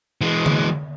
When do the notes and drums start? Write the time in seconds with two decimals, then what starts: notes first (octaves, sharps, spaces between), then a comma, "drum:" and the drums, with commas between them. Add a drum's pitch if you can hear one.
0.21 E3 G#3
0.46 drum: tom D3